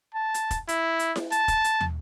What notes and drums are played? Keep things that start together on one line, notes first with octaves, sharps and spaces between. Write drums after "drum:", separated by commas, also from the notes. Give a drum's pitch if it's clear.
A5
drum: hi-hat
drum: kick, hi-hat
E4, drum: hi-hat
drum: hi-hat
drum: snare E4
A5, drum: hi-hat
drum: kick, hi-hat
drum: hi-hat
drum: tom